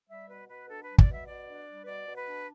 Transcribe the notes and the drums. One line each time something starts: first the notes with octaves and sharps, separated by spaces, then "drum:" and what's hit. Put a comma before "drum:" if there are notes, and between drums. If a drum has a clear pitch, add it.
G3 E5
B2 B4
B2 B4
D4 A4
B4
G3
D5, drum: kick
B2 E5
B2 D5
D4
G3
B4
B2 D5
B2
B4
D4